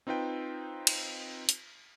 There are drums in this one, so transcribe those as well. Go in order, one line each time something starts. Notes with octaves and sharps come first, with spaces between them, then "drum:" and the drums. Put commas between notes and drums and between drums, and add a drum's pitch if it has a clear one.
C4 D#4 F4 B4 G5
drum: cymbal
drum: hi-hat